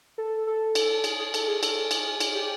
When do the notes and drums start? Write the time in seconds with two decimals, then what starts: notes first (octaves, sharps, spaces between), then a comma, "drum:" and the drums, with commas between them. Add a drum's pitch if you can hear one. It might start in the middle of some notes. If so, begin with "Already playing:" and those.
0.18 A4
0.47 A4
0.75 drum: cymbal
1.04 G#4, drum: cymbal
1.18 G#4
1.34 A4, drum: cymbal
1.48 G#4
1.63 A4, drum: cymbal
1.91 G#4, drum: cymbal
2.20 G#4, drum: cymbal
2.35 G4